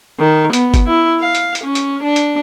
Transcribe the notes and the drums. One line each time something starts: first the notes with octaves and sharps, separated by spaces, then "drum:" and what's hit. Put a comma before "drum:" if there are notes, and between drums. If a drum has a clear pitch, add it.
D#3
B3, drum: hi-hat
drum: kick G1, hi-hat
E4
F5
drum: hi-hat
drum: hi-hat
C#4
drum: hi-hat
D4
drum: hi-hat